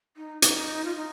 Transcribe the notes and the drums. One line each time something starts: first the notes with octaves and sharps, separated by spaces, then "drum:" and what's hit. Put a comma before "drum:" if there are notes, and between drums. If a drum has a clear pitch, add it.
D#4
D#4, drum: hi-hat
F4
D#4